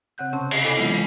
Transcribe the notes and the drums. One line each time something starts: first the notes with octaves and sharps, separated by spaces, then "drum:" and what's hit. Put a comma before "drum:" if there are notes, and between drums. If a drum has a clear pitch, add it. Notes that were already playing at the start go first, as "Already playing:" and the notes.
C#3 C4 F#5 F#6 G6
C3 C#4 A5 C6 C#6
drum: cymbal
E4 A4 D#5 G#5 B5 D6
E3 F#3 G#3 B3 E4 F4